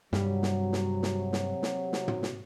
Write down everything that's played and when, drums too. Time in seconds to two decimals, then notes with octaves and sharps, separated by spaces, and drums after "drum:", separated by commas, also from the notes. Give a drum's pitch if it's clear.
0.13 G2 C3 F#3 G3, drum: snare
0.43 drum: snare
0.73 drum: snare
1.03 drum: snare
1.33 drum: snare
1.63 drum: snare
1.93 drum: snare
2.08 drum: tom
2.23 drum: snare